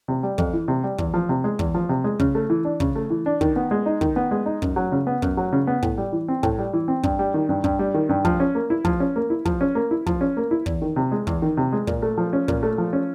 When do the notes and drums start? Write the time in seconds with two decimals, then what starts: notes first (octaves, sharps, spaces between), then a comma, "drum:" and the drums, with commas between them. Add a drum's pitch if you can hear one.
0.08 C3
0.23 G3
0.38 F2, drum: kick
0.53 E3
0.68 C3
0.84 G3
0.98 E2, drum: kick
1.14 F3
1.29 C3
1.44 G#3
1.59 E2, drum: kick
1.75 F3
1.89 C3
2.04 G#3
2.19 C#3, drum: kick
2.35 A3
2.50 E3
2.65 D4
2.80 C#3, drum: kick
2.96 A3
3.10 E3
3.26 D4
3.41 D#3, drum: kick
3.56 B3
3.71 G#3
3.86 D#4
4.01 D#3, drum: kick
4.16 B3
4.31 G#3
4.46 D#4
4.62 F#2, drum: kick
4.76 F#3
4.92 C#3
5.07 B3
5.22 F#2, drum: kick
5.37 F#3
5.53 C#3
5.67 B3
5.82 A2, drum: kick
5.98 G3
6.13 E3
6.28 C4
6.43 A2, drum: kick
6.58 G3
6.73 E3
6.88 C4
7.03 G2, drum: kick
7.19 G3
7.34 D#3
7.49 G2
7.64 G2, drum: kick
7.79 G3
7.94 D#3
8.09 G2
8.25 F3, drum: kick
8.40 C#4
8.55 A#3
8.70 E4
8.85 F3, drum: kick
9.00 C#4
9.16 A#3
9.30 E4
9.45 F3, drum: kick
9.61 C#4
9.75 A#3
9.91 E4
10.06 F3, drum: kick
10.21 C#4
10.37 A#3
10.51 E4
10.66 E2, drum: kick
10.82 D#3
10.96 C3
11.12 G#3
11.27 E2, drum: kick
11.42 D#3
11.57 C3
11.73 G#3
11.87 A#2, drum: kick
12.02 A3
12.18 F3
12.33 C#4
12.48 A#2, drum: kick
12.63 A3
12.78 F3
12.93 C#4